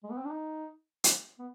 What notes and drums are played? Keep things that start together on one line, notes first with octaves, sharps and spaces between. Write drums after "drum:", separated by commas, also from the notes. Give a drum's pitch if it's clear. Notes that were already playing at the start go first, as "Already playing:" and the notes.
G#3
B3
C4
D4
D#4
drum: hi-hat
B3